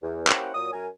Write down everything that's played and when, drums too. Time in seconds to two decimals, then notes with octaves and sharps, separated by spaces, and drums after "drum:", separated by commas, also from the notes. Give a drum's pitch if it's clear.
0.02 E2
0.27 A#3 C#4 E4 G4 C5 F#5, drum: clap
0.55 A#2 F#3 D#6
0.73 F#2 A#4 G#5